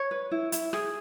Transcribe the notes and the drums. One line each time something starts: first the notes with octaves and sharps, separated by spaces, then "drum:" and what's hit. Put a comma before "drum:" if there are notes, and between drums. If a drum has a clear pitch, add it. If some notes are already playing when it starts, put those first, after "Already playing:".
Already playing: C#5
B4
E4
E4, drum: hi-hat
G#4, drum: rim click